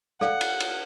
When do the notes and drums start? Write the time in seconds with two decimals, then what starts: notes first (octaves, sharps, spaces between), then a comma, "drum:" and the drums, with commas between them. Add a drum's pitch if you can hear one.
0.21 A4 D5 F5 F#5, drum: rim click
0.41 drum: cymbal
0.60 drum: cymbal